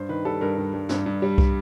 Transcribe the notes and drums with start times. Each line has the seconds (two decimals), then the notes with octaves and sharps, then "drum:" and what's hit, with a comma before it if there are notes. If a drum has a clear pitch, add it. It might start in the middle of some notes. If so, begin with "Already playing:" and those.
Already playing: G2 C5
0.09 D#3 B4
0.25 G3 A4
0.41 G2 A#4
0.57 G2
0.74 G2
0.89 G2, drum: snare
1.06 G2
1.22 G3
1.38 drum: kick